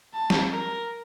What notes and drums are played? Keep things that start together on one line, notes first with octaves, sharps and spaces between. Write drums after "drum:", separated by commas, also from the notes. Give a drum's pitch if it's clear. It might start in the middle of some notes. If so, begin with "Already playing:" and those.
A5
drum: snare
A#4